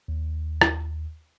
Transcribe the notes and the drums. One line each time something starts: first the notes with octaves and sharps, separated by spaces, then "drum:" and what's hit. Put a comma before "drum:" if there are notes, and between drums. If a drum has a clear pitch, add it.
D#2
drum: rim click